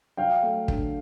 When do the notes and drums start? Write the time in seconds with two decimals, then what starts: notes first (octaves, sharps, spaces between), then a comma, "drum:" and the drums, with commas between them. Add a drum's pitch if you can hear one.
0.17 F#3 F5 G5
0.43 A3
0.68 D3, drum: kick